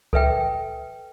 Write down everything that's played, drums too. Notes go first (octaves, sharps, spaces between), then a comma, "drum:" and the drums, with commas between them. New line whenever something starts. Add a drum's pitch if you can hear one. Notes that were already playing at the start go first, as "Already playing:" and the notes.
A4 B4 E5 G5, drum: kick C#2